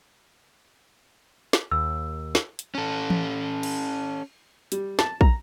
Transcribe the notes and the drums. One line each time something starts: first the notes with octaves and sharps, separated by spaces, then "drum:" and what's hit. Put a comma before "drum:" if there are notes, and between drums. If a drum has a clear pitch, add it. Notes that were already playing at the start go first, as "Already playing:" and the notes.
drum: snare
D#2 E6
drum: snare
drum: hi-hat
C#4 A4
drum: tom E3
drum: cymbal
G3, drum: hi-hat
A5, drum: snare
A#5, drum: kick